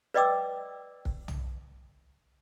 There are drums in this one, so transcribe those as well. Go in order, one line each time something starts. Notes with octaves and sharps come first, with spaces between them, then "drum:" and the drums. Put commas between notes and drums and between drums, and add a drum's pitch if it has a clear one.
B4 D5 D#5 G5 D6 E6
drum: kick
drum: tom